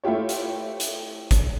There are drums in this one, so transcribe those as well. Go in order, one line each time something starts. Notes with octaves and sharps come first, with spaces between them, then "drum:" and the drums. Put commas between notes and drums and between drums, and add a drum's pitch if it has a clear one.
A3 E4 F4 G4 C#5
drum: hi-hat
drum: hi-hat
drum: kick G1, hi-hat